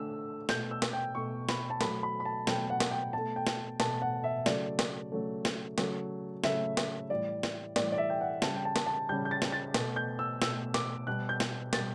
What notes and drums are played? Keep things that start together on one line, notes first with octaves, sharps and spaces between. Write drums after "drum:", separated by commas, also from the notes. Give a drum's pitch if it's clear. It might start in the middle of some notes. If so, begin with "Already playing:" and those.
Already playing: D3 A3 E6
B2 A3 G6, drum: snare
E6
drum: snare
G5
B2 A3 C#6
B5, drum: snare
A5
B2 F#3 A3 B5, drum: snare
B5
B5
A5
B2 F#3 A3 G5, drum: snare
F#5
drum: snare
G5
B2 A3 A5
G5
drum: snare
B2 A3 A5, drum: snare
F#5
E5
C#3 F#3 A3 D5, drum: snare
drum: snare
C#3 F#3 A3
drum: snare
C#3 F#3 A3, drum: snare
C#3 F#3 A3 E5, drum: snare
drum: snare
A2 E3 G3 D5
drum: snare
A2 E3 G3 D5, drum: snare
D5
E5
G5
F#5
C#3 G3 A5, drum: snare
G5
A5
drum: snare
A5
C#3 G3 G6
G6
A6
drum: snare
A6
B2 A3, drum: snare
G6
E6
B2 A3 E6, drum: snare
D6, drum: snare
B2 G3 F#6
G6
drum: snare
B2 G3 A6, drum: snare